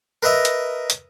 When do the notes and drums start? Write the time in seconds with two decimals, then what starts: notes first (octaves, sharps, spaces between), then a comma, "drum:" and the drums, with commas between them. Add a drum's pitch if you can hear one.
0.23 A#4 B4 D#5 E5 A#5
0.45 drum: hi-hat
0.90 drum: hi-hat